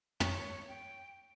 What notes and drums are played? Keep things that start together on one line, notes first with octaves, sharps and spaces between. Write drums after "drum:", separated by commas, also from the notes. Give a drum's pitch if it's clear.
C#5, drum: tom
G5